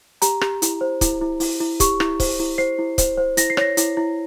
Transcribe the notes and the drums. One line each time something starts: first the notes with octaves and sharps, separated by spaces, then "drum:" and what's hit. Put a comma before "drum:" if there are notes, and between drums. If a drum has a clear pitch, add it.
G4 A#5, drum: hi-hat
G4, drum: rim click
E4, drum: hi-hat
C5
E4, drum: kick, hi-hat
E4
E4, drum: open hi-hat
E4
G4 C#6, drum: kick, hi-hat
E4, drum: rim click
C5, drum: kick, open hi-hat
E4
C5 C7
E4
C5, drum: kick, hi-hat
C5
E4 A#6, drum: hi-hat
C7
C#5 A#6, drum: rim click
E4, drum: hi-hat
E4